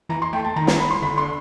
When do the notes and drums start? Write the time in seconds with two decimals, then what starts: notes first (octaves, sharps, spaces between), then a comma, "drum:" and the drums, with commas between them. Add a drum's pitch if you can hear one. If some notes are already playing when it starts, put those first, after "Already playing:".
0.09 E3 A#5
0.22 C6
0.33 A3 G5
0.44 A5
0.56 D#3 A#5
0.67 A#5, drum: snare
0.79 B5
0.91 C6
1.02 D3 B5
1.18 C6